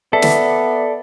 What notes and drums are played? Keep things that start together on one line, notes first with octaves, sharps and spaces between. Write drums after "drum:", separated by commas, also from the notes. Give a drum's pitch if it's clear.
B3 A4 D5 E5
drum: snare